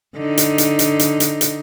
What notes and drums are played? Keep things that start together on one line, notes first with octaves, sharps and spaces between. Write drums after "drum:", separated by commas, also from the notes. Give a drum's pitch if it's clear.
D3 D#4
drum: hi-hat
drum: hi-hat
drum: hi-hat
drum: hi-hat
drum: hi-hat
drum: hi-hat